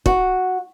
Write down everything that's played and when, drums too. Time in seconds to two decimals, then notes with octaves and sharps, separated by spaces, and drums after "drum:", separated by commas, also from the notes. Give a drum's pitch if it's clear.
0.06 F#4, drum: kick